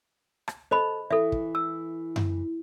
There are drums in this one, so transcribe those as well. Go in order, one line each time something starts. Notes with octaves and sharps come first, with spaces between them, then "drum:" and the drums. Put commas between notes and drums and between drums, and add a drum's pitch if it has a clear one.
drum: rim click
A4 C5 D#5 B5
E3 A4 E5
drum: kick
E6
drum: tom F#2